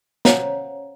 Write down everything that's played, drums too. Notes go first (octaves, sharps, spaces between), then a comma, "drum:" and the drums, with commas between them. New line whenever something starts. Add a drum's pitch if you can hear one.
C#4 C5 C#5 F5 F#5 A#5, drum: snare